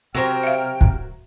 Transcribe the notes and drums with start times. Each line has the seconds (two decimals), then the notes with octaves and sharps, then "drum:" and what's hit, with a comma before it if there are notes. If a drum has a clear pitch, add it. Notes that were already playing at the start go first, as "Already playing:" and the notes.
0.15 C3 F#3 F#4 A#4 C5 G5 F6
0.43 E5 F5
0.81 drum: kick